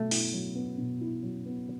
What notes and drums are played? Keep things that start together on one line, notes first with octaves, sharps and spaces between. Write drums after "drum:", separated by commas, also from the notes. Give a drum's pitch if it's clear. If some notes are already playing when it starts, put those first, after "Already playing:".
Already playing: B2 F#3 A3 B3
E4, drum: open hi-hat
F#3
B3
B2
E4
F#3
B3